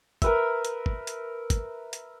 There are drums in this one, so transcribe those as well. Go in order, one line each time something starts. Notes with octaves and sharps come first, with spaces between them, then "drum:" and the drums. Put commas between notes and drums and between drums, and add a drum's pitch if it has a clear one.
A#4 B4 E5, drum: kick, hi-hat
drum: hi-hat
drum: kick
drum: hi-hat
drum: kick, hi-hat
drum: hi-hat